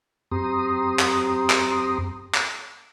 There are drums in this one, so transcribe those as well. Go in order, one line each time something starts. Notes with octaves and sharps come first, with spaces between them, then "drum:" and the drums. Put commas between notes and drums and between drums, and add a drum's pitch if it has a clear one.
F#2 C4 G4 A#5 C6 D#6
drum: clap
drum: clap
drum: clap